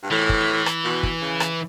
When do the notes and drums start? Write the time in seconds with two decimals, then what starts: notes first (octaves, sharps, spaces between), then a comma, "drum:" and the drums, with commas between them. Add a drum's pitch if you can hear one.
0.03 G2
0.11 A2 E3
0.29 drum: kick
0.66 drum: rim click
0.84 B2
1.03 drum: kick
1.21 C#3
1.40 drum: rim click